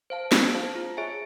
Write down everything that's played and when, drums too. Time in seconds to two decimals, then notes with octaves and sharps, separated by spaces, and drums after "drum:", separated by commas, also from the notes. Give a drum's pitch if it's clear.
0.10 C5 F5 A5
0.32 G#4, drum: snare
0.54 C5 F5 A5
0.75 F4
0.97 G#4 C#5 E5 G#5